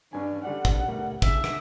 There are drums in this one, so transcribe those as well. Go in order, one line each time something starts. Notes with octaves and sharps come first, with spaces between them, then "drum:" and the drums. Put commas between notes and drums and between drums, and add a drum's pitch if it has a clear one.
G2 C#4 D4 G#5
D3 G3 D5 F#5
drum: kick
G3 A3 A#4
C#3 E5, drum: kick
drum: rim click